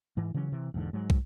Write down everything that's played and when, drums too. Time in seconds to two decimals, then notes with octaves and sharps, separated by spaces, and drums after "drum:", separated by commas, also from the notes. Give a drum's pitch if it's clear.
0.17 G#2 E3
0.34 C#3 E3 F#3 C#4
0.52 C3 E3
0.74 E1 E2 G#2 D3
0.93 G#2 F#3 G#3
1.10 drum: kick